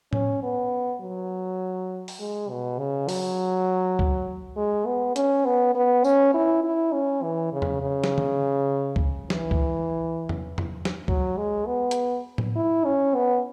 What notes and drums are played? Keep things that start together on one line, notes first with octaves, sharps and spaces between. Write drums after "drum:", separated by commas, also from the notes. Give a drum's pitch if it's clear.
C#4, drum: tom A2
B3
F#3
drum: open hi-hat
G#3
B2
C#3
F#3, drum: open hi-hat
drum: kick C#2
G#3
B3
C#4, drum: hi-hat
B3
B3
C#4, drum: tambourine
E4
E4
C#4
E3
C#3
drum: tom E2
C#3
drum: snare
drum: tom C#3
drum: kick C#2
E3, drum: snare
drum: kick C#2
drum: tom E2
drum: tom E2
drum: snare
F#3, drum: kick C#2
G#3
B3
drum: hi-hat
drum: tom A2
E4
C#4
B3